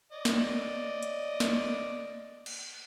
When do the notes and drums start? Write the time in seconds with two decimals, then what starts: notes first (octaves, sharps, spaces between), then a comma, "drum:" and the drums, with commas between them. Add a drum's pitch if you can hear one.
0.12 D5 D#5
0.25 drum: snare
1.03 drum: hi-hat
1.40 drum: snare
2.46 drum: cymbal